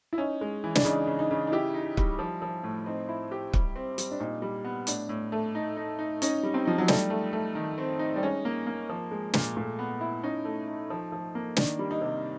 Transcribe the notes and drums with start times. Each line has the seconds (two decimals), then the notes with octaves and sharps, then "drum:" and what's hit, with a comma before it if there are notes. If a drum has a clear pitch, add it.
0.13 E4
0.18 C#4 D#4
0.41 G#3
0.64 E3
0.75 D4, drum: snare
0.85 C#3 D#4
1.07 C#3
1.19 D#4
1.31 C#3
1.47 D#4
1.52 E4 G4
1.74 D#4
1.97 G3, drum: kick
2.19 F3
2.42 F3
2.63 A2
2.86 C4 D#4
3.09 E4
3.32 G4
3.53 G3, drum: kick
3.76 C4
3.98 G3, drum: hi-hat
4.11 D4
4.20 A#2 D#4
4.42 G3
4.65 B3
4.87 A2 D4, drum: hi-hat
5.09 A2
5.32 A3
5.55 D#4
5.77 D#4
5.99 D#4
6.22 C#4 D#4, drum: hi-hat
6.43 G3
6.54 C4
6.65 F3 D#4
6.78 F#3
6.88 G3 A3, drum: snare
7.10 A3
7.33 A3
7.55 D#3
7.78 C4
7.99 D#4
8.16 G3
8.22 G#3 C#4
8.45 A#3
8.67 A#3
8.89 F3
9.11 G#3
9.34 A#2, drum: snare
9.57 A#2 A3
9.79 B3
10.01 E4
10.23 C#4 D#4
10.45 A3
10.68 D#4
10.90 F3
11.12 F3
11.35 A#3
11.56 D#3 D4, drum: snare
11.79 G3
11.91 D#4
12.01 C3